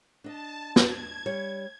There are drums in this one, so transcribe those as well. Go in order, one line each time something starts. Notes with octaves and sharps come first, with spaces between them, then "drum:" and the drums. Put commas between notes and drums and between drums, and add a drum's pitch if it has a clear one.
D4 D#5 A5
G#6, drum: snare
G3 C#5